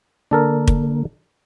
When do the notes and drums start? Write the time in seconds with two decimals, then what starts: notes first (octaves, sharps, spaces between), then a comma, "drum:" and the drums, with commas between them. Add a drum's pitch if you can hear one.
0.31 D3 A#3 D4 A4 A#4
0.67 drum: kick